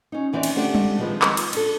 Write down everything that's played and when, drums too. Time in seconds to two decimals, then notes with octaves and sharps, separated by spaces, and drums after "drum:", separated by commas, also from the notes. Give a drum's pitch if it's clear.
0.12 C#4 D#4
0.33 D#2 E3 C4 C#4 D5
0.43 drum: cymbal
0.55 D3 A3 C4 D4 G4
0.75 drum: tom G3
0.98 D#3 F3 G#3 C4 B4
1.22 drum: clap
1.37 drum: cymbal
1.53 D4 A4, drum: cymbal